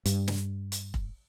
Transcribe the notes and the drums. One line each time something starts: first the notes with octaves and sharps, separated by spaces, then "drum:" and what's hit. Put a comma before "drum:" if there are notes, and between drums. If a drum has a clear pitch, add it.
G2, drum: hi-hat
drum: snare
drum: hi-hat
drum: kick